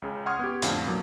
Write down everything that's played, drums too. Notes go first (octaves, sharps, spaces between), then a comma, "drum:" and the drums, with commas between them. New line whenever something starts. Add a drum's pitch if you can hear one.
C#2 C#3
F#5 C6 C#6 D#6 F6 G#6
B3 G4
F2 A2 D3 F5, drum: hi-hat
B2 F#3 A#3